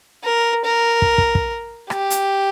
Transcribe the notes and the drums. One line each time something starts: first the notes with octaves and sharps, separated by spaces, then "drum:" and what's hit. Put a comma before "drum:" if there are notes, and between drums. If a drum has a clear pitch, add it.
A#4
A#4
drum: kick
drum: kick
drum: kick
G4, drum: rim click
drum: hi-hat